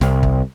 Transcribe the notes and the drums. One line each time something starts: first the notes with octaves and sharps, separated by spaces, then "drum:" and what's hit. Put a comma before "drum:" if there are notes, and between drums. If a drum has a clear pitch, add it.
C2, drum: snare
drum: kick